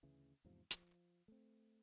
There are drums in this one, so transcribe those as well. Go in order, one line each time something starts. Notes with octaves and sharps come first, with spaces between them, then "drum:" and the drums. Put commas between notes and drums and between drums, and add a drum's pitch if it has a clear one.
D2 C#3 E3
E2 G#2 C3 F3
F3, drum: hi-hat
A3 C4